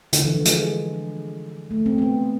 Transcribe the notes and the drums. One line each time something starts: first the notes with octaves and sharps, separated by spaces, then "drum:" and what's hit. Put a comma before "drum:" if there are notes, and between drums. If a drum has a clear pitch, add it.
D3, drum: hi-hat
E3
F3
G#3, drum: hi-hat
A3
C4
C4
B3